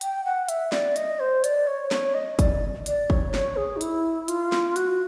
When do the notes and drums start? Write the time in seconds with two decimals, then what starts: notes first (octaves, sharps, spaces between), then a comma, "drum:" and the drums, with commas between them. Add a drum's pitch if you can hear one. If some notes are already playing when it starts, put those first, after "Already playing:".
0.01 G5, drum: hi-hat
0.25 F#5
0.49 E5, drum: hi-hat
0.72 D5, drum: snare
0.96 D#5, drum: hi-hat
1.20 C5
1.44 D5, drum: hi-hat
1.67 C#5
1.91 C#5, drum: snare
2.14 D#5
2.39 D5, drum: kick, hi-hat
2.86 D5, drum: hi-hat
3.10 C#5, drum: kick
3.34 C#5, drum: snare
3.57 G#4
3.77 D#4
3.81 E4, drum: hi-hat
4.28 F4, drum: hi-hat
4.52 drum: snare
4.76 F#4, drum: hi-hat